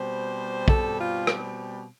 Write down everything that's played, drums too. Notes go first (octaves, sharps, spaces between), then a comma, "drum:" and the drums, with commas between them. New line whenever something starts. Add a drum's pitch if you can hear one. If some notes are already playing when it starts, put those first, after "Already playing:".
Already playing: B2 G3 C4 C5
A4, drum: kick
F4
drum: rim click